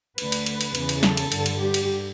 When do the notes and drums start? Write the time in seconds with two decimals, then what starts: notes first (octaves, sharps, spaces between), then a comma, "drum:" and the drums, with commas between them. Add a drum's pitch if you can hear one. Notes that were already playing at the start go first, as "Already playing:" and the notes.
0.18 D2 D3 B4, drum: cymbal
0.32 drum: cymbal
0.46 drum: cymbal
0.61 drum: cymbal
0.75 E2 C#3 E3, drum: cymbal
0.89 drum: cymbal
1.03 A4, drum: snare
1.17 drum: cymbal
1.32 G2 D3, drum: cymbal
1.46 drum: cymbal
1.60 G4
1.74 drum: cymbal